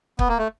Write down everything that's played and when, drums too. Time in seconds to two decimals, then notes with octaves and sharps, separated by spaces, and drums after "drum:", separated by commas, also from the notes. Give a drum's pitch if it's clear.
0.19 B3, drum: kick
0.29 A#3
0.38 A3